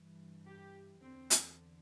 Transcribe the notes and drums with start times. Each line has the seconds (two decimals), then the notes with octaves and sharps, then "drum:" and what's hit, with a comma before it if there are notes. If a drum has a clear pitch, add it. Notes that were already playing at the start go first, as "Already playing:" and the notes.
Already playing: G2 E3
0.46 G4
1.01 E2 D3 C4
1.30 drum: hi-hat